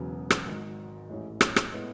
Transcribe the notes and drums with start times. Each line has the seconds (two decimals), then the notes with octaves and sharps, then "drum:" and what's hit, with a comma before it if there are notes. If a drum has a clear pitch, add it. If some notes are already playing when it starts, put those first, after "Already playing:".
Already playing: E1 E2 C#3 F#3 B3
0.30 drum: rim click
0.46 G#1 G#2 D#3
1.09 A1 A2 G#3
1.41 drum: rim click
1.56 drum: rim click
1.72 A2 G#3 B3